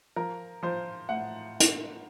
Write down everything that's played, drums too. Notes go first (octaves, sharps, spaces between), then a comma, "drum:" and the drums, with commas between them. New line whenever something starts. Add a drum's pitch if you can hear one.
F3 A#4
F3 C5
A2 F#5
drum: hi-hat